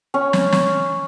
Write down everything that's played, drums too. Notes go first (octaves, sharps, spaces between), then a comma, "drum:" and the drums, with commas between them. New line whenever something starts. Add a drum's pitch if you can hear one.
C#4
drum: snare
drum: snare